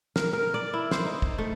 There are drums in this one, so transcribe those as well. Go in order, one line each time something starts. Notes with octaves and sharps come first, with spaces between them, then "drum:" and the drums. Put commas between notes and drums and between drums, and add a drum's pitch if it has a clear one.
A#4, drum: snare
A#4
D5
E4
C5, drum: snare
D#4
drum: kick
A3